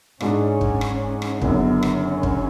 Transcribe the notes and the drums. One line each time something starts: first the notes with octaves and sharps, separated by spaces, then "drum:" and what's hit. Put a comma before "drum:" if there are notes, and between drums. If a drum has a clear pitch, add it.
G#2 G#3 C#4 D4, drum: rim click
drum: kick
drum: rim click
drum: rim click
F#1 F#2 D3 B3, drum: kick
drum: rim click
C#4
drum: kick